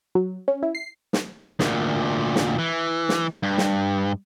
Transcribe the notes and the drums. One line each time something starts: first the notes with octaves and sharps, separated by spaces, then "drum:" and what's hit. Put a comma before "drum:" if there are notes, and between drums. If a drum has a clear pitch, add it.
F#3
C#4
E4
C7
drum: snare
D2 A#2, drum: snare
drum: snare
E3
drum: snare
G2
drum: snare